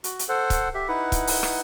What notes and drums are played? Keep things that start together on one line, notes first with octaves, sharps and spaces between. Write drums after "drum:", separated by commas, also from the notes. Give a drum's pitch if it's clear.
F#4, drum: hi-hat
drum: hi-hat
A4 C5 F#5
drum: kick, hi-hat
G4 E5
D#4 E4 B4 F#5
drum: kick, hi-hat
drum: open hi-hat
drum: rim click